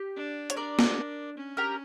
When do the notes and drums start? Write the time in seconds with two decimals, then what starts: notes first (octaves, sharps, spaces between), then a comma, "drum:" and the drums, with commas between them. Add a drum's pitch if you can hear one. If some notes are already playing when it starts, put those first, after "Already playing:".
Already playing: G4
0.16 D4
0.50 C#5, drum: hi-hat
0.56 D4 A#4 D5
0.79 drum: snare
1.37 C#4
1.57 G4 A#4